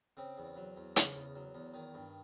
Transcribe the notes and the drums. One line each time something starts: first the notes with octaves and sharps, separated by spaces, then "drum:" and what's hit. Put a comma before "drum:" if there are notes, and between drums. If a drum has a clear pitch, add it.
C#3 C4
E2
F#3
E2
C#3, drum: hi-hat
E2
F#3
E2
D#3
G2